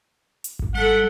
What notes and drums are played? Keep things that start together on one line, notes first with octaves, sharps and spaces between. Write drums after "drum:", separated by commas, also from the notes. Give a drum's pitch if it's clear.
drum: hi-hat
drum: kick G#1
G3 A4 F#5